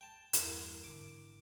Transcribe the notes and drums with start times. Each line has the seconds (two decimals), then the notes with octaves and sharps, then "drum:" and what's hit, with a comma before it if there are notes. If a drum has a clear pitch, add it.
0.01 G5 A5
0.33 E2 G2 E3 E4 A#4, drum: hi-hat
0.84 G#1 D3 D6